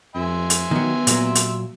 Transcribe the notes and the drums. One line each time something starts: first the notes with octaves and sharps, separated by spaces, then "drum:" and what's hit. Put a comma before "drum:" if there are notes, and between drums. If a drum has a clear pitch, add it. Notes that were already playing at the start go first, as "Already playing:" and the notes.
F2 E5 G#5 C6
drum: hi-hat
D#3 F#3 B3
A#2 F#3, drum: hi-hat
drum: hi-hat